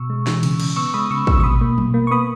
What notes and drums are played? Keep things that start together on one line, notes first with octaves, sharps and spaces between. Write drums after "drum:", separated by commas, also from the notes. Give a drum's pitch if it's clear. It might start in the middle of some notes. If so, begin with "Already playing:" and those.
Already playing: B2 C#6 E6
G#3
E3, drum: snare
C#3, drum: cymbal
C#3, drum: cymbal
B3 C#6 E6
G#3 B5 D#6
C#3 C#6 E6
C#3 C#6 E6, drum: kick
C#6
B2 B5 D#6
A#3
B2, drum: tom F#3
A#3
C#6
B3 B5 D#6